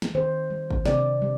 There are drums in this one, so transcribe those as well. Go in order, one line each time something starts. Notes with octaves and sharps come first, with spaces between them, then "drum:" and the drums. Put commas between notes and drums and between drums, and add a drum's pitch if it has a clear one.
drum: snare
D#3 C5
G3
drum: kick
C3 D5, drum: snare
G3